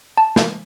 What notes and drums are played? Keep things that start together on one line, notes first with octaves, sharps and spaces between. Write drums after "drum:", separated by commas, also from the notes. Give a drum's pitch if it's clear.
A5
drum: snare